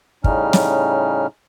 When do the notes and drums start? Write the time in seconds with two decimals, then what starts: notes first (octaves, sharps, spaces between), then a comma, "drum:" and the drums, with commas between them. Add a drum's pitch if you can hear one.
0.24 A2 C#3 G3 C#4 D#4 F6, drum: kick
0.53 drum: snare